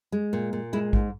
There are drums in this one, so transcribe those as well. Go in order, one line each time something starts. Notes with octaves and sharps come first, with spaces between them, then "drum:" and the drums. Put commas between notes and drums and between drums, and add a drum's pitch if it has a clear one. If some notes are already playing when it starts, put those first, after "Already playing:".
G#3
A#2
A#2
G#3 E4
G#2, drum: kick A1